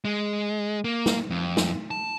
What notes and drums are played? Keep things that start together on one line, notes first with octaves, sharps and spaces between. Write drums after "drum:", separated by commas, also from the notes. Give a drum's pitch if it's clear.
G#3
A#3
drum: snare
F2
drum: snare
A5